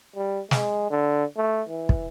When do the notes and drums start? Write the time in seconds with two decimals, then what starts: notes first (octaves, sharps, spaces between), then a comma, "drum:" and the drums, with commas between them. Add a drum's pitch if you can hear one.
0.16 G3
0.51 G#3, drum: snare
0.90 D3
1.37 A3
1.69 E3
1.89 drum: kick